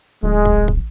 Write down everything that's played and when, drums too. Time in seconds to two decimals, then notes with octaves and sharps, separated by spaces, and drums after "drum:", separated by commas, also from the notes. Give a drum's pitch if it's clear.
0.23 D1 G#3
0.45 drum: kick
0.68 drum: kick